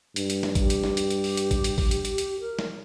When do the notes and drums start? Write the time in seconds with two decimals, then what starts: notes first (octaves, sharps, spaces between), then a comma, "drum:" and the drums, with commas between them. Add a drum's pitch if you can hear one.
0.16 G2, drum: hi-hat
0.30 drum: hi-hat
0.43 drum: snare
0.55 G4, drum: kick, hi-hat
0.70 drum: hi-hat
0.84 drum: snare
0.97 drum: hi-hat
1.10 drum: hi-hat
1.24 drum: open hi-hat
1.37 drum: hi-hat
1.51 drum: kick, hi-hat
1.64 drum: hi-hat
1.78 drum: kick, open hi-hat
1.91 drum: hi-hat
2.05 drum: hi-hat
2.18 drum: hi-hat
2.40 A#4
2.59 drum: snare